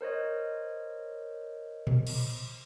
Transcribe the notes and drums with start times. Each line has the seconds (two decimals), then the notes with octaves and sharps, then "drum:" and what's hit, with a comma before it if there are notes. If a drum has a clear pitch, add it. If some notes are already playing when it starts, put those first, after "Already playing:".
0.01 A#4 C5 C#5 D#5
1.87 drum: tom A#2
2.07 drum: cymbal